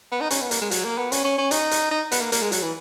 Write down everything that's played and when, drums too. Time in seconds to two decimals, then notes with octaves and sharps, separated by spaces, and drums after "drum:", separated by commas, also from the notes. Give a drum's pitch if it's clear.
0.12 B3
0.21 D#4
0.30 C#4, drum: hi-hat
0.42 B3
0.51 A#3, drum: hi-hat
0.61 G#3
0.71 F#3, drum: hi-hat
0.85 A#3
0.98 B3
1.12 C#4, drum: hi-hat
1.25 C#4
1.38 C#4
1.51 D#4, drum: hi-hat
1.71 drum: hi-hat
1.91 D#4
2.12 B3, drum: hi-hat
2.21 A#3
2.32 A#3, drum: hi-hat
2.41 G#3
2.52 F#3, drum: hi-hat
2.62 E3